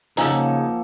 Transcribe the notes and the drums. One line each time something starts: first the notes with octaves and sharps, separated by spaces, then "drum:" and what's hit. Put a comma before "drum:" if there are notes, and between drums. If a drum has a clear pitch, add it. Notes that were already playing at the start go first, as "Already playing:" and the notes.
C#3 F3 A#3 D#4 F#5 G#5 A#5 E6, drum: hi-hat